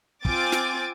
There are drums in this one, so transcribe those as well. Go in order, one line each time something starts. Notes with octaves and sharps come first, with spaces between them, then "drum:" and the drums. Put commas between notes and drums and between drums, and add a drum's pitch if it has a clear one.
C4 F4 G#5 D6 A6, drum: kick
drum: snare